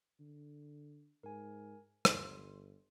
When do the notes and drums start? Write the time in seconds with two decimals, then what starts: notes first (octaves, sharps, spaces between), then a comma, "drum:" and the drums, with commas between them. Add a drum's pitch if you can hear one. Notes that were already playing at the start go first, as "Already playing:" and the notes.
0.20 D3
1.23 G#2 A#4 G#5
2.05 G1 C6, drum: rim click